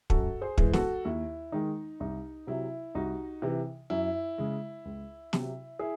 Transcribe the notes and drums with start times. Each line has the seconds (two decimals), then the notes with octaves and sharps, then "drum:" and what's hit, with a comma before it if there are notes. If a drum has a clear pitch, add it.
0.10 F#2 F#4 A4, drum: kick
0.42 G#4 C5
0.58 E3 G#3, drum: kick
0.73 F#4 A4, drum: snare
1.05 D#2 E4
1.52 D#3 G#3 D#4
2.00 C2 D#4
2.47 C3 F#3 E4
2.95 C2 D#4 F#4
3.42 C3 E3
3.90 F#2 E4
4.38 C#3 G#3
4.85 C#2
5.33 C3 F#3, drum: snare
5.79 E4 G#4